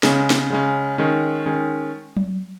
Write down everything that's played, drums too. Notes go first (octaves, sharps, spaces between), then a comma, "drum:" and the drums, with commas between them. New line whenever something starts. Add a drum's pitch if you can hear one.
C#3 G#3 C#4, drum: snare
drum: snare
C#3 G#3 C#4
D#3 G#3 C#4
D#3 G#3 C#4
drum: tom F#3